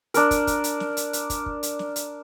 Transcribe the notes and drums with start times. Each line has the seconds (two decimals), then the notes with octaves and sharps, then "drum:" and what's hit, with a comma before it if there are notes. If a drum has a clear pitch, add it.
0.14 D4 A#4, drum: hi-hat
0.31 drum: kick, hi-hat
0.47 drum: kick, hi-hat
0.64 drum: hi-hat
0.80 drum: snare
0.97 drum: hi-hat
1.13 drum: hi-hat
1.30 drum: kick, hi-hat
1.46 drum: kick
1.63 drum: hi-hat
1.79 drum: snare
1.96 drum: hi-hat